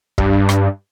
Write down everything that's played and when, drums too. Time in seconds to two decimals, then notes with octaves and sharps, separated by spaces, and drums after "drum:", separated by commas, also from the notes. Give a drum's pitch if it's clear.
0.18 G2, drum: kick
0.49 drum: rim click